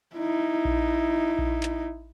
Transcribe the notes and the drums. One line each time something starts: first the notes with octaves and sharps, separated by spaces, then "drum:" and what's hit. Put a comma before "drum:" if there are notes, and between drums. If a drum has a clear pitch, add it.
D#4 E4
drum: kick A#1
drum: kick A#1
drum: clap